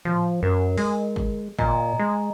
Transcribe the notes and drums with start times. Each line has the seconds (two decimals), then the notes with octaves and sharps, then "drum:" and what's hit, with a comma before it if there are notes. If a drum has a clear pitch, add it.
0.05 F3, drum: tom A2
0.43 F#2 A#4
0.78 G#3, drum: open hi-hat
1.16 drum: kick
1.59 A#2 D#5 G#5 A#5, drum: kick
1.99 G#3